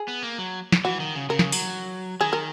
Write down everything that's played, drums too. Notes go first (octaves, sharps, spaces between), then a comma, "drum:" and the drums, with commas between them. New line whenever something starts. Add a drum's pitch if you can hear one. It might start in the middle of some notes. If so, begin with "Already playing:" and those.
Already playing: G#4
B3
A#3
F#3
drum: snare
E3 F#4
D#3
C#3
C#3 A#4
drum: snare
F#3, drum: open hi-hat
D#3 G#4
A#4